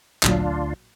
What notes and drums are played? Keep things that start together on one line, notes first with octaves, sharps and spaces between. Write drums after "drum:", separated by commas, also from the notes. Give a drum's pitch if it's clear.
A1 D2 A#2 F#3 D4 F4, drum: clap